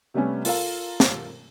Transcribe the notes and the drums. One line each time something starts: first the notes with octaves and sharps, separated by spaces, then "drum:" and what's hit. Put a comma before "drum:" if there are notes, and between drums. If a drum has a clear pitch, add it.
C3 G3 A3 B3 C#4
F4 A4 A#4 F5, drum: open hi-hat
drum: snare